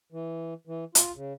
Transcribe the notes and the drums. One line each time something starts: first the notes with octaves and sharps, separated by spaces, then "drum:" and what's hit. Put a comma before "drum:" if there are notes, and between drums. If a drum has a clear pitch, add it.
E3
E3
F4, drum: hi-hat
C#3